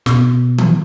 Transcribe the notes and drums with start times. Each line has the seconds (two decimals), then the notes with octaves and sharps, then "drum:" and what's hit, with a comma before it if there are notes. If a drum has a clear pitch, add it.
0.06 B2, drum: snare
0.58 drum: tom D#3